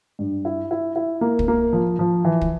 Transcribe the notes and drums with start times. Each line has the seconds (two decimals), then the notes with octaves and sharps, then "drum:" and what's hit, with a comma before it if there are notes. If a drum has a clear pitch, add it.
0.19 G2
0.45 E4
0.71 E4
0.96 E4
1.21 A#3
1.39 drum: kick
1.48 A#3
1.73 F3
1.99 F3
2.25 E3
2.41 drum: kick